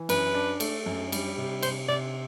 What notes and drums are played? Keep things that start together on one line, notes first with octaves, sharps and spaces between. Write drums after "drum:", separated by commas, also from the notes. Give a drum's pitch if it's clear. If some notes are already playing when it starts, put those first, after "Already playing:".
Already playing: E3
F#2 B4, drum: cymbal
D4
A3, drum: cymbal
F#2
G3, drum: cymbal
C3
C3 C5, drum: cymbal
C3 D5